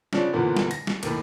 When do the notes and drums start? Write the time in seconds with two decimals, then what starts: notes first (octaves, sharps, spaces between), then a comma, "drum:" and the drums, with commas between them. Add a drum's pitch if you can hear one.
0.13 C#3 F3 C#4 D4, drum: snare
0.33 E2 A#2 D3 E3 F3 B3
0.57 drum: snare
0.71 A#6, drum: cymbal
0.87 drum: snare
1.03 D#2 A2, drum: cymbal